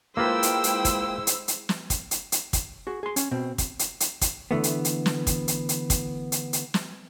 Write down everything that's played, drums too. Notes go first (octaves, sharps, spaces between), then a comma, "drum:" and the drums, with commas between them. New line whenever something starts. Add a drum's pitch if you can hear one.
G#3 A#3 E4 F4 B4 C5 G5 E6
drum: hi-hat
drum: hi-hat
drum: kick, hi-hat
drum: hi-hat
drum: hi-hat
drum: snare
drum: kick, hi-hat
drum: hi-hat
drum: hi-hat
drum: kick, hi-hat
F#4 G#4
G#4 C6
C#4, drum: hi-hat
B2 C4
drum: kick, hi-hat
drum: hi-hat
drum: hi-hat
drum: kick, hi-hat
D3 E3 A3 B3
drum: hi-hat
drum: hi-hat
drum: snare
drum: kick, hi-hat
drum: hi-hat
drum: hi-hat
drum: kick, hi-hat
drum: hi-hat
drum: hi-hat
drum: snare